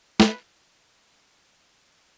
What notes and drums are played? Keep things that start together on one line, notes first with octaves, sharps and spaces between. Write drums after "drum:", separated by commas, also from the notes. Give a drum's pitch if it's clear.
C5, drum: snare
B4